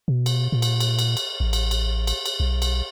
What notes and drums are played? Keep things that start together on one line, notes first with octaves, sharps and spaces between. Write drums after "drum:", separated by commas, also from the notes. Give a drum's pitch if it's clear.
B2
drum: cymbal
A#2
drum: cymbal
drum: cymbal
drum: cymbal
drum: cymbal
A1
drum: cymbal
drum: cymbal
drum: cymbal
drum: cymbal
B1
drum: cymbal